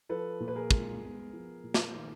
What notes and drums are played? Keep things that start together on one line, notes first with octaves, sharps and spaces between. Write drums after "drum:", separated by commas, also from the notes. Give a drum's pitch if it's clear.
F3 A4 B4
A#2
B4
G#4 A#4
G#3, drum: kick
B3
F3
A#2
drum: snare
D#3